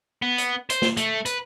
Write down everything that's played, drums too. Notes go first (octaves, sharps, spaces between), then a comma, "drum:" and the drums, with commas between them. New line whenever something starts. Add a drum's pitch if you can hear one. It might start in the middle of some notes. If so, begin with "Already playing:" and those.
B3
drum: hi-hat
C5, drum: hi-hat
drum: snare
A3, drum: hi-hat
B4, drum: hi-hat